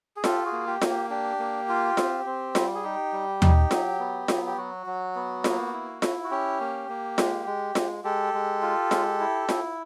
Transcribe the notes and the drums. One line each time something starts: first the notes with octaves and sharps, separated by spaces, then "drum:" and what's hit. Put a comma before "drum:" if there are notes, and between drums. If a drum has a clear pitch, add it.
G#4
F4 G4 A4, drum: snare F4
F#4 G#4
A#3
G4
A#3, drum: snare F4
G4
D4 G4
A#3
F4
C4, drum: snare F4
C4
G3, drum: snare F4
G#4
D#4 G4
G3
D#4, drum: tom D#2
F#3, drum: snare F4
B3
F#3, drum: snare F4
G4
F#3 F#4
F#3
B3
A#3, drum: snare F4
E4
E4, drum: snare F4
F#4
C#4 G4
A#3
A#3
G#3, drum: snare F4
G#3
G#3, drum: snare F4
G#3 G4 A4
G#3
F4
G#3, drum: snare F4
E4
E4, drum: snare F4